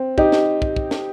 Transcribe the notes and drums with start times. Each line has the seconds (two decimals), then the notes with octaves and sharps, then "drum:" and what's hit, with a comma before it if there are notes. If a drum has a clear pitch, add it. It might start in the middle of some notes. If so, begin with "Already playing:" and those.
Already playing: C4
0.18 D#4 G4, drum: kick
0.32 drum: snare
0.62 drum: kick
0.76 drum: kick
0.91 drum: snare